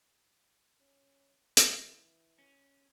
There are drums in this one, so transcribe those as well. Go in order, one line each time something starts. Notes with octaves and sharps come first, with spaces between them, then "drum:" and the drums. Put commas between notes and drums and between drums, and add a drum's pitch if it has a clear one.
C#4
E3, drum: hi-hat
C#4